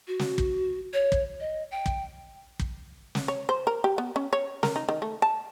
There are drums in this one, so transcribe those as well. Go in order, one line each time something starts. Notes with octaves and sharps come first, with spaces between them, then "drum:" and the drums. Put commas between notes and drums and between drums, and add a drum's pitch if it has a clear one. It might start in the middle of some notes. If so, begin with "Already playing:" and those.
F#4
drum: snare
drum: kick
C#5
drum: kick
D#5
G5
drum: kick
drum: kick
drum: snare
C#5
C5
A#4
G4
B3
C#4
C#5
A#4, drum: snare
D#4
D#3
A3
A5